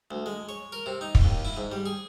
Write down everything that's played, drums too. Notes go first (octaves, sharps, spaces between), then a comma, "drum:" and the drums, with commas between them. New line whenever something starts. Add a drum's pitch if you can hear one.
D2
G#3
C#5
A#4
C3
D#4
drum: kick
D#2
E4
G#2
G3
G#4